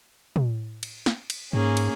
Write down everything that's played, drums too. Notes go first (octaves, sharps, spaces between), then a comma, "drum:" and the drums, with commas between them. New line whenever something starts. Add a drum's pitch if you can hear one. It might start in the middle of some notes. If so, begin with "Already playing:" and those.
drum: tom
drum: cymbal
drum: snare
drum: cymbal
G#2 A#3 C#4 G#4
drum: cymbal